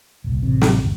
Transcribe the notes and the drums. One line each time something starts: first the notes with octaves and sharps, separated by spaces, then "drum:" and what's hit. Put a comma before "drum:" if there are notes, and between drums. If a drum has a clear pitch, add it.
D#1 C2
A1 C3
drum: snare
G1 D2